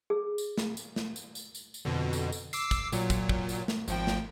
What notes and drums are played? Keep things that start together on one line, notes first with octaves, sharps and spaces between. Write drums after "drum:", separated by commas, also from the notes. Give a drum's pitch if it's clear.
G#4
drum: tambourine
drum: snare
drum: tambourine
drum: snare
drum: tambourine
drum: tambourine
drum: tambourine
drum: tambourine
F2 B2 D3
drum: tambourine
drum: tambourine
D6 E6 C7, drum: tambourine
drum: kick, tambourine
A#2 F#3, drum: tambourine
drum: kick, tambourine
drum: kick
drum: tambourine
drum: snare
G#1 F3 G5, drum: tambourine
drum: snare